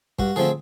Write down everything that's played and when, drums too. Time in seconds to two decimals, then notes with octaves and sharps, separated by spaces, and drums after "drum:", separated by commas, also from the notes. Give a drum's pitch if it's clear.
0.19 G2 F#4, drum: kick
0.36 D3 F3 A3 C4 G#4